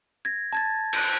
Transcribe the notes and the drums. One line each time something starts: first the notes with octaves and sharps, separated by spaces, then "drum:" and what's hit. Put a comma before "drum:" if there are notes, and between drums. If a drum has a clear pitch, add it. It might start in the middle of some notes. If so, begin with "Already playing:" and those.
G#6 A#6
A5 G#6 A6
F#6 G6, drum: cymbal